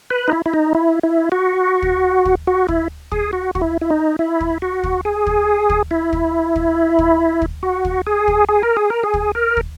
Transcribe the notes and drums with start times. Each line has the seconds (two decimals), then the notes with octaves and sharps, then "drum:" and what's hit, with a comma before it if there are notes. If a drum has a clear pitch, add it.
0.10 B4
0.28 D#4
0.32 E4
0.46 E4
0.54 D#4
0.75 E4
1.03 E4
1.32 F#4
1.82 drum: kick
2.25 drum: kick
2.47 F#4
2.69 E4, drum: kick
3.12 G#4, drum: kick
3.33 F#4
3.55 F#4, drum: kick
3.61 E4
3.81 E4
3.90 D#4
4.19 E4
4.40 drum: kick
4.62 F#4
4.84 drum: kick
5.05 G#4
5.27 drum: kick
5.70 drum: kick
5.91 E4
6.13 drum: kick
6.56 drum: kick
6.99 drum: kick
7.42 drum: kick
7.63 F#4
7.85 drum: kick
8.07 G#4
8.28 drum: kick
8.49 G#4
8.63 A#4
8.77 G#4
8.90 A#4
9.03 G#4
9.14 drum: kick
9.35 A#4
9.57 drum: kick